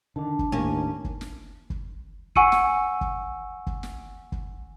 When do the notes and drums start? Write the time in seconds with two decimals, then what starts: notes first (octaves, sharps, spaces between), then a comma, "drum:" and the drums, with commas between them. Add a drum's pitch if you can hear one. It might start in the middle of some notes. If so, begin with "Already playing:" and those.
0.16 D3 D#3 D4 A5
0.39 drum: kick
0.52 D#2 A2 A#3 C#4
1.04 drum: kick
1.21 drum: snare
1.70 drum: kick
2.36 F#5 G#5 C#6 E6 C#7 D#7, drum: kick
2.52 drum: snare
3.01 drum: kick
3.67 drum: kick
3.83 drum: snare
4.32 drum: kick